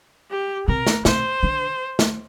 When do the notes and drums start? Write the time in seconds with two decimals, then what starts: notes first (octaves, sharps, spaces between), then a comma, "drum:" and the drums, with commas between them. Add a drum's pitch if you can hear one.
0.31 G4
0.68 C3 A#4
0.87 drum: snare
1.05 C3 C5, drum: snare
1.43 D3
1.99 drum: snare